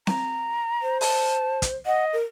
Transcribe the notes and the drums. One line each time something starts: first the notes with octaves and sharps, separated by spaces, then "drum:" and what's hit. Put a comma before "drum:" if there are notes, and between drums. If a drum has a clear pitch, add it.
A#5, drum: snare C4
C5
A5, drum: open hi-hat
drum: kick, hi-hat
D#5 F#5
A#4